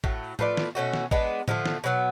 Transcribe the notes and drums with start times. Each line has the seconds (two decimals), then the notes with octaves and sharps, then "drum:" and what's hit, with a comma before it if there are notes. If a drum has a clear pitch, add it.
0.04 A2 F#3 A3, drum: kick
0.39 A3 F4 B4 D5, drum: tom A2
0.57 drum: snare
0.75 B2 A3 C#4 F#4
0.93 drum: snare
1.11 G#3 B3 D4, drum: kick
1.48 D3 F3 A3, drum: tom A2
1.66 drum: snare
1.84 B2 F#3 B3